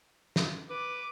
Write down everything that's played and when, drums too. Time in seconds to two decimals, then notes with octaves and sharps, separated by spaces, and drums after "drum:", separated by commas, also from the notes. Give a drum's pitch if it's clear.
0.36 drum: snare
0.70 B4 D6